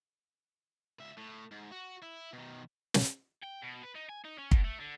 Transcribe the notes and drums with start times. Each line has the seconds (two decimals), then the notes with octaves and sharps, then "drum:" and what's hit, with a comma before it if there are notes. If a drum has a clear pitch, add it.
1.00 C#2 E5
1.18 A2
1.51 G#2
1.71 F#4
2.02 E4
2.33 B2 D#3
2.94 drum: snare
3.43 G5
3.62 B2
3.83 B4
3.95 D#4
4.09 G#5
4.25 D#4
4.39 C#4
4.51 B2, drum: kick
4.64 A3
4.80 D3